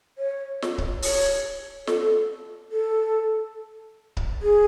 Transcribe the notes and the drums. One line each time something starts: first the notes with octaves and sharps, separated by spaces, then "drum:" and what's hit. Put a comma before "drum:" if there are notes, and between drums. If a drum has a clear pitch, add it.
C#5
drum: snare
drum: kick C#1
C#5, drum: open hi-hat
A4, drum: snare
A4
drum: kick C#1
G#4